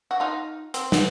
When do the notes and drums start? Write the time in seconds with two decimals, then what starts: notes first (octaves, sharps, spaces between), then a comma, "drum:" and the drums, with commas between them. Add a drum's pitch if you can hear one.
0.11 F#4
0.20 D#4 F4
0.74 C4, drum: hi-hat
0.92 B3, drum: snare